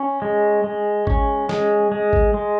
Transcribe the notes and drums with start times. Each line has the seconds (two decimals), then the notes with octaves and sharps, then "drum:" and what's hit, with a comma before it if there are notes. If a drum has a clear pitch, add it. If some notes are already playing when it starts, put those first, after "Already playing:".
Already playing: C#4
0.22 G#3
0.64 G#3
1.07 C#4, drum: kick G#1
1.49 G#3, drum: snare
1.92 G#3
2.13 drum: kick G#1
2.34 G#3